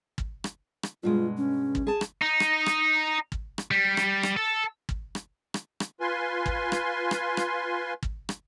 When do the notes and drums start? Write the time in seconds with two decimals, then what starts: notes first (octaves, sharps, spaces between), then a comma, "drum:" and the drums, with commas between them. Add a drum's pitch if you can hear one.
0.18 drum: kick
0.44 drum: rim click
0.83 drum: rim click
1.03 G2 B2 G#3 F4
1.37 C#4
1.75 drum: kick
1.87 G#4 A5
2.01 drum: rim click
2.22 D#4
2.40 drum: rim click
2.66 drum: rim click
3.32 drum: kick
3.58 drum: rim click
3.71 G3
3.97 drum: rim click
4.23 drum: rim click
4.37 A4
4.89 drum: kick
5.15 drum: rim click
5.54 drum: rim click
5.80 drum: rim click
6.00 F4 B4 G#5 C6
6.46 drum: kick
6.72 drum: rim click
7.11 drum: rim click
7.37 drum: rim click
8.03 drum: kick
8.29 drum: rim click